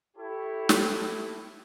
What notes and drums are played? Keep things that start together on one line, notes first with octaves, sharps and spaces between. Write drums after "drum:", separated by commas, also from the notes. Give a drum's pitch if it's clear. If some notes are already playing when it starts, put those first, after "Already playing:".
E4 G4 A4 C#5
drum: snare